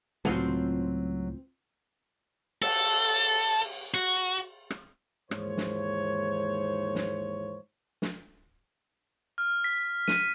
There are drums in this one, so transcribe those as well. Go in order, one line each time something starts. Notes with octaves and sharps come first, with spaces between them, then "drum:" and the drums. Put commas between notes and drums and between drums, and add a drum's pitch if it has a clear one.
C#2 A2 F#3 C4 F4 F#4, drum: tom
A4, drum: cymbal
F#4, drum: cymbal
drum: rim click
D#2 G#2 E3 A#3 C5 C#5, drum: rim click
drum: snare
drum: snare
drum: snare
F6
B6
D#7, drum: snare